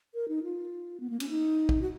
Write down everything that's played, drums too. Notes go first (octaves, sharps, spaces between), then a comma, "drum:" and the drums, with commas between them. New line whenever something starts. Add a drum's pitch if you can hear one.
A#4
D#4
F4
B3
A#3
C#4, drum: cymbal
D#4
drum: kick A#1
F#4